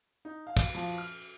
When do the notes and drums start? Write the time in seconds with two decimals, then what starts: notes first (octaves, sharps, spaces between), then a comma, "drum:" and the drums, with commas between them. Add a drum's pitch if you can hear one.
0.25 D#4
0.47 F5
0.57 drum: kick, cymbal
0.75 F3
0.98 F6